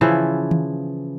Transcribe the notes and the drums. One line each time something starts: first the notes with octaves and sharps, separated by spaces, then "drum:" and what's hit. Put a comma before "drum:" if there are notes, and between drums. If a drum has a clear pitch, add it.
C#3 E3 F3 E4
drum: tom D#3